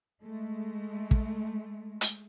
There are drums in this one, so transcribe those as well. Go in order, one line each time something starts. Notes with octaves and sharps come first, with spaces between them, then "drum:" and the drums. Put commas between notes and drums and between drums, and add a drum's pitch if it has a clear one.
G#3 A3
drum: kick
drum: hi-hat